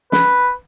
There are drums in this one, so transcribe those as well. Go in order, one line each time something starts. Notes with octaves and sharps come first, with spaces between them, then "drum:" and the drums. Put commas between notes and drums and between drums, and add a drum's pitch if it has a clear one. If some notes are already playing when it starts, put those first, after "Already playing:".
B4, drum: snare